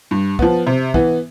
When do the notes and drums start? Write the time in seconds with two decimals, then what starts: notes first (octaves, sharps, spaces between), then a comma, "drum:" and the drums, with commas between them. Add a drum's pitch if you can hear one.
0.11 G2
0.39 F3 B3, drum: kick
0.67 C3
0.94 E3 B3, drum: kick